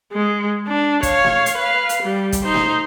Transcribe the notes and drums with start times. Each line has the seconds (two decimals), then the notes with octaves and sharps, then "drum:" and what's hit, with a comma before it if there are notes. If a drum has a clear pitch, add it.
0.12 G#3
0.67 D4
1.03 C#5 F5, drum: kick, hi-hat
1.24 drum: snare A3
1.46 drum: hi-hat
1.57 B4 F5
1.89 drum: hi-hat
2.02 G3
2.32 drum: kick, hi-hat
2.44 D#4 C5
2.54 drum: snare A3